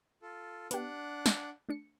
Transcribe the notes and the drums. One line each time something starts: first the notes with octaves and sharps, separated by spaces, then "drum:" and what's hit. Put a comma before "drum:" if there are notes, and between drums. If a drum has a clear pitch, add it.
F4 A4
B3 D4 G4 F#5, drum: hi-hat
drum: snare
A3 D4 C#7